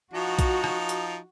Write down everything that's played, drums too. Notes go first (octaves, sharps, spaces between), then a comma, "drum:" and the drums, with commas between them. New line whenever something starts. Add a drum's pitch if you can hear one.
F3 D#4 F#4
drum: kick A#1, hi-hat
drum: rim click
drum: hi-hat